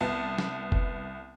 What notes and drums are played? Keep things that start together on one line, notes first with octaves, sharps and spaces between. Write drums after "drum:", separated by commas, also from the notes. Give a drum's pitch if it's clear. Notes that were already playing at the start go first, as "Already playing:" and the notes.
C2 B3 A5
drum: snare
drum: kick F#1